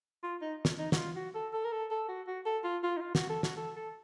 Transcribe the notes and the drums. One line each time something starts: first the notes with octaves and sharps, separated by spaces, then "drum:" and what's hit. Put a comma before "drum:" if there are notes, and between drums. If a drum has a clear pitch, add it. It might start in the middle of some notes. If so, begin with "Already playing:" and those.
F4
D#4
drum: snare
D#4
F#4, drum: snare
F4
F#4
A4
A4
A#4
A4
A4
F#4
F#4
A4
F4
F4
D#4
F4
F#4, drum: snare
A4
F#4, drum: snare
A4
A4